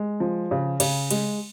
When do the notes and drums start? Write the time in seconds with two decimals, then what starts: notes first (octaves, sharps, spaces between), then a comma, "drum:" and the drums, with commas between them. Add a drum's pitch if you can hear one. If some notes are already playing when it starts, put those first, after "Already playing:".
Already playing: G#3
0.20 F3
0.51 C#3
0.80 C#3, drum: cymbal
1.11 G#3, drum: cymbal